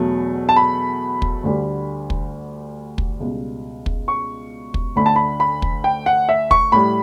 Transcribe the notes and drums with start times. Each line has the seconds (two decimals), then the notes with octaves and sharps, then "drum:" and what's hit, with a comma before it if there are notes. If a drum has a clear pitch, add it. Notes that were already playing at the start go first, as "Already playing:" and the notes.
Already playing: E2 B2 F#3 A3
0.49 A5
0.56 B5
1.22 drum: kick
1.43 D2 D3 G3
2.10 drum: kick
2.98 drum: kick
3.20 C#2 B2 G3
3.86 drum: kick
4.08 C#6
4.74 drum: kick
4.96 D2 D3 A3 B5
5.06 A5
5.16 B5
5.40 B5
5.62 drum: kick
5.84 G5
6.06 F#5
6.29 E5
6.51 C#6, drum: kick
6.72 A2 G3 B5